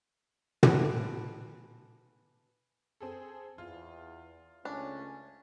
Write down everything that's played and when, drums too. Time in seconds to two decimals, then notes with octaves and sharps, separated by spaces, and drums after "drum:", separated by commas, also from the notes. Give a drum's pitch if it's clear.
0.63 B4 G#5 A5 B5 F#6 D7, drum: tom
3.00 C4 G#4 A4
3.58 E2 F4
4.65 C#2 A3 C#4 D4